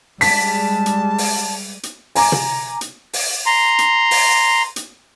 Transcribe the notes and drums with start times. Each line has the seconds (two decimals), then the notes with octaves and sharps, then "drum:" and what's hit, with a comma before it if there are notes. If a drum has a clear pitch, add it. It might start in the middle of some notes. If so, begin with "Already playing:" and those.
0.21 G3 G#3 A5 B6, drum: open hi-hat
0.86 drum: hi-hat
1.18 drum: open hi-hat
1.83 drum: hi-hat
2.15 G#5 A#5 D6, drum: open hi-hat
2.32 drum: tom
2.81 drum: hi-hat
3.13 drum: open hi-hat
3.46 A#5 C6
3.78 drum: hi-hat
4.11 drum: open hi-hat
4.76 drum: hi-hat